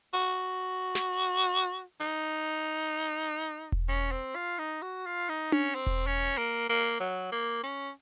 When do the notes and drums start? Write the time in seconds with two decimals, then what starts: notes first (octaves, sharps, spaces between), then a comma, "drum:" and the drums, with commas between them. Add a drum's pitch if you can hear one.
0.13 F#4, drum: hi-hat
0.95 drum: snare
1.13 drum: hi-hat
2.00 D#4
3.72 drum: kick E1
3.89 C#4
4.11 C4
4.35 F4
4.58 D#4
4.82 F#4
5.06 F4
5.29 D#4
5.52 C#4, drum: tom D4
5.75 C4
5.87 drum: kick E1
6.06 C#4
6.38 A#3
6.69 A#3
7.00 F#3
7.32 A#3
7.63 C#4, drum: hi-hat